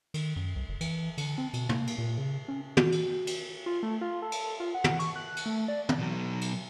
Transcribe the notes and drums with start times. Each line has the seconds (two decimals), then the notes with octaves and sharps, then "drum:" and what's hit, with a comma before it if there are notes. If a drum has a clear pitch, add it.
0.14 D#3, drum: cymbal
0.36 F#2
0.56 C2
0.69 F#1
0.81 E3, drum: cymbal
1.18 D3, drum: cymbal
1.38 C4
1.53 B2, drum: cymbal
1.69 A#3, drum: tom
1.87 drum: cymbal
1.98 A#2
2.17 C#3
2.48 C#4
2.77 F#4, drum: tom
2.92 drum: cymbal
3.27 drum: cymbal
3.66 F4
3.83 A3
4.01 F4
4.22 A4
4.32 drum: cymbal
4.60 F4
4.74 F#5
4.84 drum: tom
4.99 C#6, drum: cymbal
5.16 F#6
5.37 drum: cymbal
5.46 A3
5.68 D5
5.89 drum: tom
5.99 B2 F#3
6.41 drum: cymbal